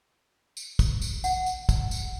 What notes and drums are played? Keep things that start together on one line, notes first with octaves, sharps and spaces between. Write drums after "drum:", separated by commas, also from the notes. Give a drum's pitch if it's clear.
drum: tambourine
drum: kick, tambourine
drum: tambourine
F#5, drum: tambourine
drum: tambourine
drum: kick, tambourine
drum: tambourine